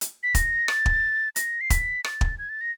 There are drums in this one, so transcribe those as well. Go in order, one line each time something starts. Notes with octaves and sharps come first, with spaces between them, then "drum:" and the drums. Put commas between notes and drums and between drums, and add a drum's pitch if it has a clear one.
drum: hi-hat
B6
A#6, drum: kick, hi-hat
A6, drum: rim click
drum: kick
A#6, drum: hi-hat
C7
B6, drum: kick, hi-hat
A6, drum: rim click
drum: kick
G#6
A6
A#6